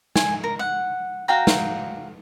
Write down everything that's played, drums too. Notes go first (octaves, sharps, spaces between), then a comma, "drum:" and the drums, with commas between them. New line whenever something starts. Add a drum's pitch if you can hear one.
G#5, drum: snare
A#4
F#5
F#4 F5 G5 A#5
drum: snare